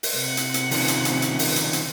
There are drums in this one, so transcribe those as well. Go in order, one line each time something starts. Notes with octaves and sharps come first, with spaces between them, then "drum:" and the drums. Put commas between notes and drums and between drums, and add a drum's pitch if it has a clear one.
drum: open hi-hat
C3 F#5
drum: hi-hat
drum: hi-hat
D#3 F3 C#4, drum: open hi-hat
drum: hi-hat
drum: hi-hat
drum: hi-hat
drum: open hi-hat
drum: hi-hat
drum: hi-hat